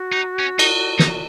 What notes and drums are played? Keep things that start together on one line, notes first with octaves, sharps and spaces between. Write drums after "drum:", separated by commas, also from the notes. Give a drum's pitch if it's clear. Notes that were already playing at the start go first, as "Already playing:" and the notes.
Already playing: F#4
D#4
C#4
D#4, drum: cymbal
D#4, drum: snare